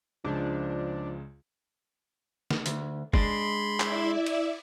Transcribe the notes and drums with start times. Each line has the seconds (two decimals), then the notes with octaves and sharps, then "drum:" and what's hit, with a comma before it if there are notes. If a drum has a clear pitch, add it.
0.24 C#2 C#3 F3 G#3 D4
2.51 drum: snare
2.66 D2, drum: hi-hat
3.13 G#3 D4 B5 C6, drum: kick
3.80 E4 D5 E5, drum: clap
4.26 drum: cymbal